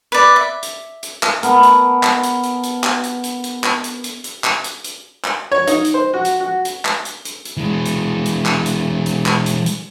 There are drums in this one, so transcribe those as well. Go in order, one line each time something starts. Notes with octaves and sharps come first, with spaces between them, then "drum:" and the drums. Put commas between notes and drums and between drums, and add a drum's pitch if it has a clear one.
B4 D5
E5
drum: hi-hat
drum: hi-hat
drum: clap
B3 A4 A#4, drum: hi-hat
drum: hi-hat
drum: clap
drum: hi-hat
drum: hi-hat
drum: hi-hat
drum: clap
drum: hi-hat
drum: hi-hat
drum: hi-hat
drum: clap
drum: hi-hat
drum: hi-hat
drum: hi-hat
drum: clap
drum: hi-hat
drum: hi-hat
drum: clap
C#5
D#4, drum: hi-hat
drum: hi-hat
C5
F#4
drum: hi-hat
F#4
drum: hi-hat
drum: clap
drum: hi-hat
drum: hi-hat
drum: hi-hat
E3 G#3
drum: hi-hat
drum: hi-hat
drum: clap
drum: hi-hat
drum: hi-hat
drum: clap
drum: hi-hat
drum: hi-hat